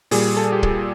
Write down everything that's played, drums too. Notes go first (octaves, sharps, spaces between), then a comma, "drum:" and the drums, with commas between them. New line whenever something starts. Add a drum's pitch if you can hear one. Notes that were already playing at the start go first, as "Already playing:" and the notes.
A#2 G3 G#4, drum: open hi-hat
A4
G4
G#4, drum: kick